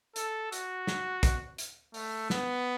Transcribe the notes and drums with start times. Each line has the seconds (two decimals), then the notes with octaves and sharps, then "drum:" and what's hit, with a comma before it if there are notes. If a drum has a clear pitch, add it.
0.16 A4, drum: hi-hat
0.52 F#4, drum: hi-hat
0.87 drum: snare
1.23 drum: kick, hi-hat
1.58 drum: hi-hat
1.94 A3, drum: open hi-hat
2.30 B3, drum: snare